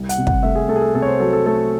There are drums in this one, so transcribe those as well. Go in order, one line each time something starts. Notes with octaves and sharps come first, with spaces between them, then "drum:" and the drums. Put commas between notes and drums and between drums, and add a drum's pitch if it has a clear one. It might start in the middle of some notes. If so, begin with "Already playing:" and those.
Already playing: C2
F#5, drum: hi-hat
C3
F#5, drum: kick
A3 E5
G#4
A3 A4
G#4
A4
C3 A4
C#5
C5
F#3 A4
A4
A3 A4